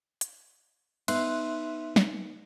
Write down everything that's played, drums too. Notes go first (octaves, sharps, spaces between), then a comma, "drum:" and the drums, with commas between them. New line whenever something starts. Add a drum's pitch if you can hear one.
drum: hi-hat
B3 D#4 E5 C6 F#6, drum: cymbal
drum: snare